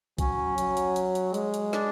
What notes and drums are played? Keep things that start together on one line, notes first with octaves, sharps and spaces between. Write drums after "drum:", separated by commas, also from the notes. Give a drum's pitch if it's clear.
F#3 C#4, drum: kick A#1, hi-hat
F#3, drum: hi-hat
drum: hi-hat
drum: hi-hat
drum: hi-hat
G#3, drum: hi-hat
drum: hi-hat
D4, drum: snare